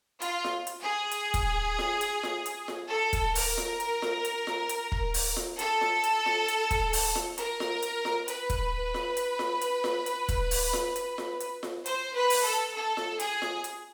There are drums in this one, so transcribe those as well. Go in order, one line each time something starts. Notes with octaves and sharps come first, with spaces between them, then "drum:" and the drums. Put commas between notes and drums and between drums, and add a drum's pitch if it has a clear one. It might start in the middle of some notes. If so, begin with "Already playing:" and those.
F4, drum: hi-hat
drum: snare F4
drum: hi-hat
G#4
drum: hi-hat
drum: kick, hi-hat
drum: snare F4
drum: hi-hat
drum: snare F4
drum: hi-hat
drum: snare F4
A4
drum: kick, hi-hat
A#4, drum: open hi-hat
drum: snare F4
drum: hi-hat
drum: snare F4
drum: hi-hat
drum: snare F4
drum: hi-hat
drum: kick
drum: open hi-hat
drum: snare F4
A4, drum: hi-hat
drum: snare F4
drum: hi-hat
drum: snare F4
drum: hi-hat
drum: kick, hi-hat
drum: open hi-hat
drum: snare F4
A#4, drum: hi-hat
drum: snare F4
drum: hi-hat
drum: snare F4
B4, drum: hi-hat
drum: kick, hi-hat
drum: snare F4
drum: hi-hat
drum: snare F4
drum: hi-hat
drum: snare F4
drum: hi-hat
drum: kick, hi-hat
drum: open hi-hat
drum: snare F4
drum: hi-hat
drum: snare F4
drum: hi-hat
drum: snare F4
C5, drum: hi-hat
B4
drum: open hi-hat
A4
A4
drum: snare F4
G#4, drum: hi-hat
drum: snare F4
drum: hi-hat